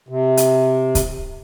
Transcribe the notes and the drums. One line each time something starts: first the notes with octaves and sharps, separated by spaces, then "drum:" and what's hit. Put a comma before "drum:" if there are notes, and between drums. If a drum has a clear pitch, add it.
C3
drum: hi-hat
drum: kick, hi-hat